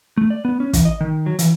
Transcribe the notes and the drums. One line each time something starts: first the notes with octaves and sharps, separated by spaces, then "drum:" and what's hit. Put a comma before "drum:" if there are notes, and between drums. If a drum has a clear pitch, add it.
A3
D5
B3
C#4
E3, drum: kick, hi-hat
D#5
D#3
F#3
E3, drum: hi-hat